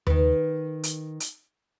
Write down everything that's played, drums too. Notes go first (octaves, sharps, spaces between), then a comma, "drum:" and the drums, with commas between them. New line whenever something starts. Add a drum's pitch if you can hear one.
D#3 B4, drum: tom D#2
drum: hi-hat
drum: hi-hat